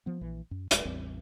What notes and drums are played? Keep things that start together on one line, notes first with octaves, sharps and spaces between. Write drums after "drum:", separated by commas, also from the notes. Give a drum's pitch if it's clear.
F3 B3
A#1 E3
F#2
D#1 G#3, drum: hi-hat
A1 E2 G3 C4